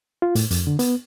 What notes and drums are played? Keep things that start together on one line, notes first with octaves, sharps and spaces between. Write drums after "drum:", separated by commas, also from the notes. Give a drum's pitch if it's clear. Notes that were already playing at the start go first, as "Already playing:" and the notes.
F4
A2, drum: hi-hat
F2, drum: hi-hat
D3
B3, drum: hi-hat